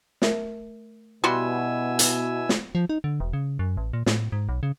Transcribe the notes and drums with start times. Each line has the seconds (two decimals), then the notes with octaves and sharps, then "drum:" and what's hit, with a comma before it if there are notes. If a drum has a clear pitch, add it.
0.22 A3 A#4 E5, drum: snare
1.24 B2 G3 E4 F#4 G#5 C6 E6
1.99 drum: hi-hat
2.49 drum: snare
2.75 F3
2.89 D#4
3.04 D3
3.20 E1
3.33 C#3
3.59 F#2
3.77 A1
3.93 A#2
4.06 A2, drum: snare
4.32 G#2
4.49 B1
4.63 C#3